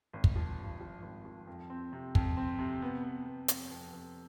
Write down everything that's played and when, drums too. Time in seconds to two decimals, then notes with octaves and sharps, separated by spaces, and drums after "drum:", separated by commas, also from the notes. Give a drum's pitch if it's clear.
0.13 G#1
0.24 drum: kick
0.36 F3
0.59 G2
0.80 F3
1.02 G#1
1.25 F3
1.47 F2
1.70 C4
1.93 C3
2.15 F2, drum: kick
2.37 C4
2.59 C3
2.82 B3
3.03 B3
3.26 B3
3.48 F2, drum: hi-hat
3.71 F2
3.93 F2